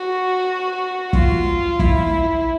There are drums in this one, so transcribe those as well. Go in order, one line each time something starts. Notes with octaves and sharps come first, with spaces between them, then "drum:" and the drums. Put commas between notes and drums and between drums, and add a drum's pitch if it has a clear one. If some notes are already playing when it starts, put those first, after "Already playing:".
Already playing: F#4
F4, drum: kick
E4, drum: kick